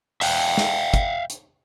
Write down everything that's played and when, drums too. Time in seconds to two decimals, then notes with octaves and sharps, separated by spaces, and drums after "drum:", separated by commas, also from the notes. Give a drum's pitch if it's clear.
0.21 E5 F5 G5, drum: open hi-hat
0.57 drum: snare
0.94 drum: kick, hi-hat
1.30 drum: hi-hat